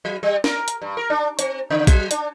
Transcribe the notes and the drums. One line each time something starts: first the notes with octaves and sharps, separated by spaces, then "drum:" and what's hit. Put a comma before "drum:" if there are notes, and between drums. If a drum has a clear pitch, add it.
F#3
G3
A#4, drum: snare
drum: hi-hat
G2
A#4
D4
C4, drum: hi-hat
C#3
F#3, drum: kick A#1, hi-hat
D4, drum: hi-hat